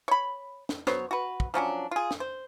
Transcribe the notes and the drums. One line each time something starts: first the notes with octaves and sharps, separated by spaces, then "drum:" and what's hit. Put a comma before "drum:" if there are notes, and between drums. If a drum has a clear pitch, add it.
C#5 B5
drum: snare
F#3 B3 C5 C#5, drum: snare
F#4 B4
drum: kick
F3 F#3 C#4 D4
F4 G#4
drum: snare
C5